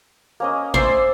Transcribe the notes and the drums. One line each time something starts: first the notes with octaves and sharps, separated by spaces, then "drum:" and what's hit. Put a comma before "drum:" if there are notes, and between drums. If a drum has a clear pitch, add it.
A#3 C#4 D#5
C5 D5 E5 G#5, drum: kick G#1